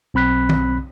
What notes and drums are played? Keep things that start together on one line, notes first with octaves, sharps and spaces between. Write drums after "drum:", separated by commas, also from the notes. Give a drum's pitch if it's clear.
B1 C4 B5 F#6 B6
drum: tom